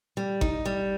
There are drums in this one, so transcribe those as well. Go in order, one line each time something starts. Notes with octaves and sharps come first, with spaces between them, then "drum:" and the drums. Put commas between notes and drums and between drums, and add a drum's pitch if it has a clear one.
G3
D#4, drum: kick G#1
G3